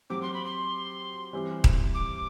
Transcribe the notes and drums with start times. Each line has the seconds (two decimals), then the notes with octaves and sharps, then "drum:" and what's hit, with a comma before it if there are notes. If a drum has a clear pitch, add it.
0.10 F#3 C4 G4 D6
0.22 C6
0.34 B5
0.45 C6
1.33 E3 G3 C4 G4
1.64 drum: kick D#1
1.94 D6